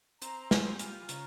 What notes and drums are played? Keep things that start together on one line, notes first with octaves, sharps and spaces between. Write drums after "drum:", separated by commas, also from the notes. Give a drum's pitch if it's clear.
C4 A#5, drum: hi-hat
G3 G#5, drum: snare
F4 G#5, drum: hi-hat
C#3 A#5, drum: hi-hat